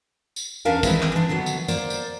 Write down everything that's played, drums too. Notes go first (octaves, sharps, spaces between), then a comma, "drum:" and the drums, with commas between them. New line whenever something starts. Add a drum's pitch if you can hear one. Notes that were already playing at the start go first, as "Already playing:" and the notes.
drum: tambourine
E2 C#4 D4 A#4 F5
D#3 E3 G#3 C4 E4 B4, drum: kick, tambourine
drum: clap
E3 D4
D3 D#3 F#3 B3
drum: tambourine
A#3 C5 D5, drum: tambourine
drum: tambourine